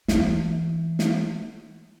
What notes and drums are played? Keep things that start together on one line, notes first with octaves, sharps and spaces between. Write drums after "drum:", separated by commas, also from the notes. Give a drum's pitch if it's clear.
E3, drum: snare
drum: snare